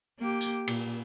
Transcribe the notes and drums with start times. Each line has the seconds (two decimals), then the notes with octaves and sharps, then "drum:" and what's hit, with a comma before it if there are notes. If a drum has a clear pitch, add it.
0.19 A#3 G4
0.41 drum: tambourine
0.67 A#2, drum: cymbal